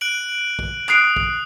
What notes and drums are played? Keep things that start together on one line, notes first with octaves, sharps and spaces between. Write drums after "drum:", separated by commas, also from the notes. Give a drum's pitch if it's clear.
F#6 D7 F#7
drum: kick
D#6 F#6 C7 D7, drum: clap
drum: kick